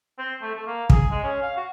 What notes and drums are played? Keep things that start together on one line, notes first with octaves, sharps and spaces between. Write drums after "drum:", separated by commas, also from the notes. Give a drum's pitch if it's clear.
C4
A3
A3
A#3
G#4, drum: kick
G#3
C#4
F5
F#4